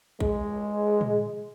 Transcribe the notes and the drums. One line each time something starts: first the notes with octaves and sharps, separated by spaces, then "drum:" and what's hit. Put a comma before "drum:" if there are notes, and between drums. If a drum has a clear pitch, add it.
G#3, drum: kick
drum: tom